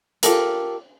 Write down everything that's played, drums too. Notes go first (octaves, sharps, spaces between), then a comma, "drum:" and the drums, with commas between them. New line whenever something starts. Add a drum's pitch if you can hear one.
F4 G4 A4 A#4, drum: hi-hat